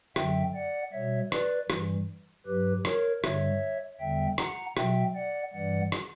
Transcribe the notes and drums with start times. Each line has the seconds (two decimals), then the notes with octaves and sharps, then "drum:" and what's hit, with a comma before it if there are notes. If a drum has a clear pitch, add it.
0.16 F#2 D3 F#3 E5 G5, drum: rim click
0.54 D5 F#5
0.93 B2 G3 C#5 E5
1.32 B4 D5, drum: rim click
1.70 G2 E3 G3, drum: rim click
2.46 G2 F#3 G4 B4
2.85 A#4 C#5, drum: rim click
3.24 G2 D3 G3 C#5 E5, drum: rim click
4.00 E2 D3 G3 E5 G5
4.38 F#5 A#5, drum: rim click
4.77 B2 F#3 E5 G5, drum: rim click
5.15 D5 F#5
5.54 G2 E3 G3 D5 F#5
5.92 drum: rim click